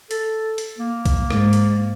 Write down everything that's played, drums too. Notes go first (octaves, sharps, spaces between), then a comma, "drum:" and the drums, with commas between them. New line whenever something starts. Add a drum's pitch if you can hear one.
A4, drum: hi-hat
drum: hi-hat
A#3
drum: kick B1, hi-hat
G#2, drum: rim click
drum: hi-hat